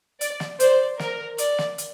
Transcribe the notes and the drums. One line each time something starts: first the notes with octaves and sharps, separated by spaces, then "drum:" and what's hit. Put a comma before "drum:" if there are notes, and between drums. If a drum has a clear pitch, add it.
D5, drum: hi-hat
drum: snare
C5 D5, drum: hi-hat
A#4, drum: snare
D5, drum: hi-hat
drum: snare
drum: hi-hat